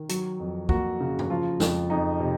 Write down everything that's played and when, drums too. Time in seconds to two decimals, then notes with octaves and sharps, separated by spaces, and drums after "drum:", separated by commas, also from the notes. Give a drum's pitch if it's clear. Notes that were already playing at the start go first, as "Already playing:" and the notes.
Already playing: D#3
0.09 F#3, drum: hi-hat
0.39 F2
0.69 A#3 F#4, drum: kick
1.00 C#3
1.19 drum: tom F#2
1.30 F3 F4
1.60 F2, drum: snare
1.90 F2 D#4
2.20 C3